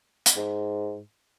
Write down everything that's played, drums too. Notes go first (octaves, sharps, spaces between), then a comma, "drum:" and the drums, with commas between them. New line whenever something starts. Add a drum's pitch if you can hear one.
drum: hi-hat
G#2